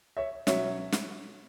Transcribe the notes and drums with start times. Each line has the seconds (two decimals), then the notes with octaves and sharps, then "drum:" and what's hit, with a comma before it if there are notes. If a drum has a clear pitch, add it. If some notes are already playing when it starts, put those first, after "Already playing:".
0.17 C#5 E5
0.47 B2 F#3 C#4 C#5 E5, drum: snare
0.92 drum: snare